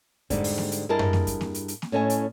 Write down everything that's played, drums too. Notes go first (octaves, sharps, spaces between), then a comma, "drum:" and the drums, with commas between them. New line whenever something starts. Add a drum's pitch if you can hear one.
G#2 D3 G3, drum: kick F2, hi-hat
drum: open hi-hat
drum: snare A#3
drum: hi-hat
G2 E4 G#4 A#4 D#5 A5
drum: tom F#2
drum: snare A#3
drum: kick F2, hi-hat
drum: snare A#3
drum: hi-hat
drum: hi-hat
drum: snare A#3
A2 C#4 A4 D#5 G#5
drum: hi-hat